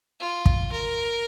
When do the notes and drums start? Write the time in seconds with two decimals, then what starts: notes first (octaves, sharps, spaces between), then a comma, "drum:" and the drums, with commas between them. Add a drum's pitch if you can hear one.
0.20 F4
0.46 drum: kick
0.72 A#4